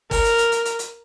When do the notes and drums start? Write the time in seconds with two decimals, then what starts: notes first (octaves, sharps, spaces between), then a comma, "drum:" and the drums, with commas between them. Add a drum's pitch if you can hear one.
0.11 A#4, drum: kick, open hi-hat
0.25 drum: hi-hat
0.38 drum: hi-hat
0.52 drum: hi-hat
0.65 drum: hi-hat
0.79 drum: hi-hat